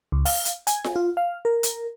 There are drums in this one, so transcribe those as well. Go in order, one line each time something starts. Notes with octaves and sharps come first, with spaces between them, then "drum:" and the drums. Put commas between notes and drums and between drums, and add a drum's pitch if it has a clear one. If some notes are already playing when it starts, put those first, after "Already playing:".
C#2
F5, drum: open hi-hat
drum: hi-hat
G#5, drum: hi-hat
drum: snare F4
F4
F5
A#4
drum: hi-hat